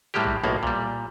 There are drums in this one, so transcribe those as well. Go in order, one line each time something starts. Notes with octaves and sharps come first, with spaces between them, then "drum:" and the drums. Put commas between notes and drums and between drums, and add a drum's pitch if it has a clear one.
A2 G3 G#3 A#3 G4
drum: kick A1
B1 A2 A#3 B3
A#2 G3, drum: kick A1